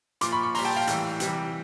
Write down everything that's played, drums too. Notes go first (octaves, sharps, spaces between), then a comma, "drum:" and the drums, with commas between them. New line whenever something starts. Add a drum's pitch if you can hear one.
A#2 F3 C6 D6, drum: hi-hat
B5 C#6
B5 C#6
A#2 G3 A#5 C6, drum: open hi-hat
G5 A5
F5 G5
A2 E3 G3, drum: hi-hat
C3 E3 G3, drum: hi-hat